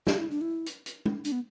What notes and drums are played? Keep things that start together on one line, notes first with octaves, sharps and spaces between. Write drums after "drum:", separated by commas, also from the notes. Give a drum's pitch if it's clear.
G4, drum: snare
E4
D4
E4
drum: hi-hat
drum: hi-hat
drum: tom
D4, drum: hi-hat
B3